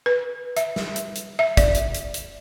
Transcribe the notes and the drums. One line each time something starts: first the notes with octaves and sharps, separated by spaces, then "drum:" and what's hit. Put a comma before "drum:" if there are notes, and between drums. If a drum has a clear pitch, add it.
B4
E5, drum: hi-hat
drum: snare
drum: hi-hat
drum: hi-hat
E5
D5, drum: kick, hi-hat
drum: hi-hat
drum: hi-hat
drum: hi-hat